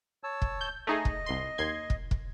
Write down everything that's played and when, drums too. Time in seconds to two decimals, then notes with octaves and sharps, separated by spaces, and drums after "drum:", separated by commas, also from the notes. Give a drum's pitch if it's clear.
0.24 C#5 A5 E6
0.42 drum: kick
0.61 G6
0.87 A3 D#4 G#4 D#5
1.05 drum: kick
1.26 C2 C6
1.58 D#2 C6 G#6
1.90 drum: kick
2.11 drum: kick